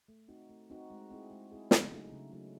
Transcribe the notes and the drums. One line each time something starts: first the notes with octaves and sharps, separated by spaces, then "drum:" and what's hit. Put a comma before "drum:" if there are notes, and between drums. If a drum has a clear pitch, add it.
A3
C4 D#4 F#4
A3
C4 D#4 F#4
G#3
C4 E4 G#4
G#3
C4 E4 G#4
C#3, drum: snare
F#3 A3 D#4
C#3
F#3 A3 D#4